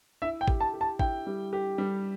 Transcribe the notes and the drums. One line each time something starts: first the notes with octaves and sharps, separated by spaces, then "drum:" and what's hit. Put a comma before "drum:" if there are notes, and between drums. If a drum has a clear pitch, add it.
E4 E5
G5
G4, drum: kick G#1
A5
G4
A5
E4 G5, drum: kick G#1
G3
G4
G3